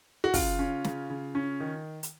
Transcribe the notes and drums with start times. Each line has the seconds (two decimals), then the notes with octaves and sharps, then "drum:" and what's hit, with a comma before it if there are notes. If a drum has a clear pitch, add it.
0.24 F#4
0.34 C#3 F4, drum: kick, open hi-hat
0.59 C#4
0.84 C#3, drum: snare
1.10 C#3
1.35 C#4
1.60 D#3
2.03 drum: hi-hat